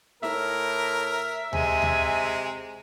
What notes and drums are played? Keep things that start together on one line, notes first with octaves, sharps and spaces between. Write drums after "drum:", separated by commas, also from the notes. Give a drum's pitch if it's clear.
A2 A#4 E5, drum: snare D#4
C3 G#3 G#5, drum: tom D2
drum: tom D2